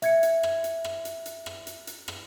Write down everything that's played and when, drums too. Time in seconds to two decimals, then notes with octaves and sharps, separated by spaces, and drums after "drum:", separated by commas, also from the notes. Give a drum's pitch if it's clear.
0.02 E5 G#6 C#7, drum: hi-hat
0.23 drum: hi-hat
0.43 drum: rim click
0.64 drum: hi-hat
0.84 drum: rim click
1.05 drum: hi-hat
1.26 drum: hi-hat
1.46 drum: rim click
1.67 drum: hi-hat
1.87 drum: hi-hat
2.08 drum: rim click